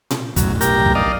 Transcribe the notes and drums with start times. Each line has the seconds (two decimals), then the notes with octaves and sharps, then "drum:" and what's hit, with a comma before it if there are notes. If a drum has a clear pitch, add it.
0.11 drum: tom A#2
0.36 F1 B1 F#2 A2, drum: kick, hi-hat
0.61 G4 A#4, drum: hi-hat
0.86 drum: kick
0.95 D5 D#5 F5